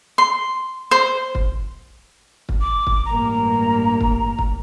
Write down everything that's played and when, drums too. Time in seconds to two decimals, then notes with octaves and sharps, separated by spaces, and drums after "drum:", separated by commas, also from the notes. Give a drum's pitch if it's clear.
0.18 C6
0.91 C5
1.35 drum: kick
2.49 drum: kick
2.61 D6
2.87 drum: kick
3.06 A1 G2 A#3 A#5
4.01 drum: kick
4.39 drum: kick